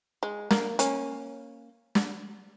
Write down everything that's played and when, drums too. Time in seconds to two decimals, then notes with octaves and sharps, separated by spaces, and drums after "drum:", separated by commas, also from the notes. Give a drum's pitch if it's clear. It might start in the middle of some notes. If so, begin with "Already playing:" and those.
0.23 G#3
0.51 A#3, drum: snare
0.79 A#3 C#4, drum: hi-hat
1.95 drum: snare